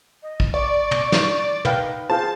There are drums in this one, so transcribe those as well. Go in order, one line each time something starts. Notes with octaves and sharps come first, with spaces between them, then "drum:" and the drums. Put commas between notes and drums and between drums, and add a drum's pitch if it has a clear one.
D#5
drum: kick
D5 C#6
drum: tom
drum: snare
D#4 B4 F5 G5, drum: tom
F4 G#4 C5 F5 A5